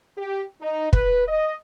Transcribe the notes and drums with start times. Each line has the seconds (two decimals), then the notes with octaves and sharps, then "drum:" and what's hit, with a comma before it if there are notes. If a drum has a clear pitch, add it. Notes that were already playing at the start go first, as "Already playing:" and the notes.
0.18 G4
0.61 D#4
0.93 B4, drum: kick
1.28 D#5